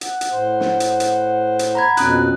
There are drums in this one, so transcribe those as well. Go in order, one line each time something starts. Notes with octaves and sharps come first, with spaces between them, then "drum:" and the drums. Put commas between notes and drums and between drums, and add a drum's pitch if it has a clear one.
F#5, drum: hi-hat
drum: hi-hat
A2 C5
drum: snare
drum: hi-hat
drum: hi-hat
drum: hi-hat
A#5 B5 G#6
F2 B2 C#4 D#6 F#6, drum: hi-hat